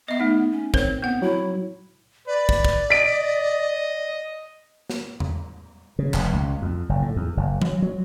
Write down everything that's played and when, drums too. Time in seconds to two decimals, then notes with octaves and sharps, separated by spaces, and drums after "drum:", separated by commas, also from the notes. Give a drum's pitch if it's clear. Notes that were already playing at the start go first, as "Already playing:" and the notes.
0.08 B3 D#5 E5
0.20 A3 D#4
0.52 C#4
0.74 C4 A#4 C5 C#5, drum: kick
1.02 B3 C4 F#5
1.22 F#3 E4
2.27 B4 D5
2.49 drum: kick
2.65 drum: kick
2.90 D#5 B6 D7
4.90 drum: snare
5.20 drum: tom E2
5.99 C#3
6.14 F1, drum: clap
6.33 C#2
6.62 F2
6.89 F#1
7.02 A2
7.16 E2
7.37 F#1
7.62 F#3, drum: tom E3
7.82 F#3